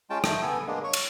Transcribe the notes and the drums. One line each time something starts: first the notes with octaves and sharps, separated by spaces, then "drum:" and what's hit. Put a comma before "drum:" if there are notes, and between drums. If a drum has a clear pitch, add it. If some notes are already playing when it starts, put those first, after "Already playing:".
G#3 C#4 F4 G5 A5
A3 G5, drum: rim click
B3 A4 G#5
G#3 A#3 B3 D4
C#5 C#6
drum: cymbal